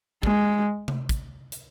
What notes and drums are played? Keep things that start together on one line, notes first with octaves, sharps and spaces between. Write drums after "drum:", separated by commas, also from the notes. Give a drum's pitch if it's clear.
G#3, drum: kick
drum: tom C3
drum: kick, hi-hat
drum: hi-hat